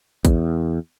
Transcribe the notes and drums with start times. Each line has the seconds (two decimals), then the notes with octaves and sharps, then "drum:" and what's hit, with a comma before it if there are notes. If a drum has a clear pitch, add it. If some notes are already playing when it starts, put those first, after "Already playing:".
0.25 E2, drum: kick, hi-hat